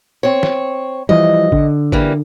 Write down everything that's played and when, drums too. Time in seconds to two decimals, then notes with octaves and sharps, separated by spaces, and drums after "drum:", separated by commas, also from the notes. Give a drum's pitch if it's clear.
0.23 C4 C#5
0.43 drum: snare
1.09 E3 F3 G3 D#5
1.52 D3, drum: kick G#1
1.92 E3 G3 A#3, drum: kick G#1